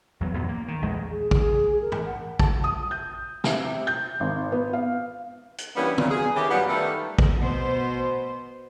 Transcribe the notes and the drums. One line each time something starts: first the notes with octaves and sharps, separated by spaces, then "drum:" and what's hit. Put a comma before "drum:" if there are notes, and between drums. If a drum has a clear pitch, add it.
E2 F#3 B3
E2 G2 B2 B3
A#3
D#3
A#1 E2 G#3 A3
G#4
G#4, drum: kick
A#4
drum: tom
F#5
A5, drum: kick
D#6
G6
C3, drum: snare
G6
G#1
B3
F5
drum: hi-hat
E3 G3 A#3 B3 C#4 D4
A#2 F#3, drum: tom
G#4
D#3 E3 C#4 G4
F#2 F#3 G3 B3 F4 F#5
D#3 G3 A3 A4 B4
drum: kick
B2 B3 C5